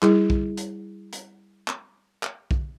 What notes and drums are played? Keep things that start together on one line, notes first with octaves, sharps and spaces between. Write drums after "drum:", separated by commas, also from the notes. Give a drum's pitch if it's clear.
G3 E4 G#4, drum: clap
drum: kick
drum: hi-hat
drum: hi-hat
drum: clap
drum: clap
drum: kick